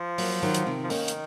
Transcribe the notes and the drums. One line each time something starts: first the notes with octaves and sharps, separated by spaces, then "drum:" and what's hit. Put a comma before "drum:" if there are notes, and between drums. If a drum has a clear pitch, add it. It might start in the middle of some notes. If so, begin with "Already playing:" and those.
Already playing: F3
F#3 A#3, drum: open hi-hat
D#3 F#3
drum: hi-hat
C3 D#3
F3
D#3 A#3 C#4, drum: open hi-hat
drum: hi-hat